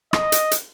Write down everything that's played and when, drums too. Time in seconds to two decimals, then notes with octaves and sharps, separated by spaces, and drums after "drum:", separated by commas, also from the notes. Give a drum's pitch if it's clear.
0.13 D#5, drum: rim click
0.32 drum: hi-hat
0.51 drum: hi-hat